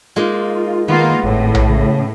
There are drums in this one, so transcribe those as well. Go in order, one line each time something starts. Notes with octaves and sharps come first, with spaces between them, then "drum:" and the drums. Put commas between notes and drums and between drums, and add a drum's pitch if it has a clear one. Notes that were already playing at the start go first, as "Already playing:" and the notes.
G#3 A#3 D#4 F4
D#3 A#3 B3 F4
G#1 A2
drum: tom A#1
C#3